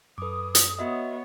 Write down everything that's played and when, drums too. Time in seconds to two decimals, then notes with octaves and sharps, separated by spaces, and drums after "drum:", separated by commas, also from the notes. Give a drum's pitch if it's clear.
0.18 F#2 A4 B4 D6 D#6
0.55 drum: hi-hat
0.79 B3 F#4 C#5 D#5 E5